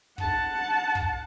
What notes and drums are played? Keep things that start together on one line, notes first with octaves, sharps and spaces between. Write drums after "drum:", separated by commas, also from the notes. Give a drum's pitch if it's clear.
F#5 A5, drum: kick
drum: kick